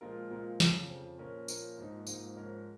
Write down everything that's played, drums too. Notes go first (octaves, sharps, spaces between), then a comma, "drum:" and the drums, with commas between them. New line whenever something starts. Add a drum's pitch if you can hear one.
A#2 F3 G#3 F4 A#4
A#2 F3 G#3 F4 A#4
F2 C#3 F3, drum: snare
F2 C#3 F3
A#2 F3 C#4 A#4
A#2 F3 C#4 A#4, drum: tambourine
G#2 F3 A#3 D#4
G#2 F3 A#3 D#4, drum: tambourine
G#2 F3 C#4 A#4 C#5